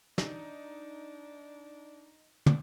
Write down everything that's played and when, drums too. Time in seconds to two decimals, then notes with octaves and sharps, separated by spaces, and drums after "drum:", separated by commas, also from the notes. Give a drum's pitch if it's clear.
0.18 D4 D#4, drum: snare
2.46 D4, drum: tom